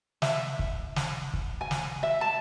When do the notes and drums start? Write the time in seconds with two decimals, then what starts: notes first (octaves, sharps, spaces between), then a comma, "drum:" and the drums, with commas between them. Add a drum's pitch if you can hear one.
0.22 E5, drum: snare
0.59 drum: kick
0.96 drum: snare
1.34 drum: kick
1.61 G#5
1.71 drum: snare
2.03 E5
2.21 A5